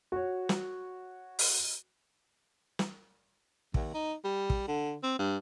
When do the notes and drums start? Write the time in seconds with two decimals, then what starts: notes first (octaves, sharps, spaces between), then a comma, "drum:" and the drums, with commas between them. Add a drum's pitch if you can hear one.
0.12 F#4 C#5
0.49 drum: snare
1.39 drum: open hi-hat
2.79 drum: snare
3.74 D#2, drum: kick
3.94 D#4
4.25 G3
4.50 drum: kick
4.68 D3
5.03 C4
5.19 G2